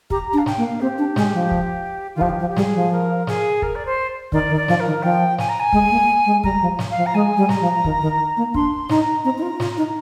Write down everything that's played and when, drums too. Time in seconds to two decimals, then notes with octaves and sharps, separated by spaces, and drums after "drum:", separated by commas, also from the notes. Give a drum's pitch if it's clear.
0.10 G4 A#5, drum: kick
0.28 A#5
0.33 D4
0.38 F5
0.46 G5, drum: snare
0.58 A#3
0.63 F5
0.80 C4 G4
0.98 D4
1.16 G#3, drum: snare
1.33 F3
1.51 drum: kick
2.14 D#3 F4
2.21 F3 G4, drum: kick
2.40 F3
2.49 G4
2.56 G3 G#4, drum: snare
2.75 F3
2.92 A#4
3.27 G#4, drum: snare
3.62 A#4, drum: kick
3.75 D5
3.85 C5
4.32 D#3 D5, drum: kick
4.50 D#3
4.56 D5
4.68 F3, drum: snare
4.79 A#4
4.86 D#3
5.02 F3 G5
5.38 G#5, drum: snare
5.48 A#5
5.59 G#5
5.73 G#3, drum: kick
5.91 A#3
6.26 G#3
6.44 G3 A#5, drum: kick
6.61 F3
6.79 drum: snare
6.91 F5
6.97 F3
7.06 A#5
7.14 G#3 G#5
7.37 G3
7.49 A#5, drum: snare
7.60 F3
7.84 D#3, drum: kick
8.02 D#3
8.37 A#3
8.54 D4 C6, drum: kick
8.89 D#4 A#5, drum: snare
9.24 C4 A#5
9.38 D#4
9.42 F4
9.60 F4, drum: snare
9.77 D#4